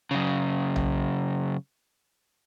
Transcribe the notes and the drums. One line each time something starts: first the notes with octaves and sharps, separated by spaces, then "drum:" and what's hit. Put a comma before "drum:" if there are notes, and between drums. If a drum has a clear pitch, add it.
F#2 C#3
drum: tom B1